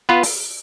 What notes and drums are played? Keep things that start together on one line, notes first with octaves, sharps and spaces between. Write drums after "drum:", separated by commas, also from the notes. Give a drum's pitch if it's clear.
B3 F4 B4
drum: open hi-hat